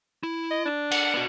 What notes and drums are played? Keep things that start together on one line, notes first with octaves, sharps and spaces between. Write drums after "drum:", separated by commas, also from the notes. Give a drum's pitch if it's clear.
E4
D#5
D4
F#5, drum: cymbal
B3 F#4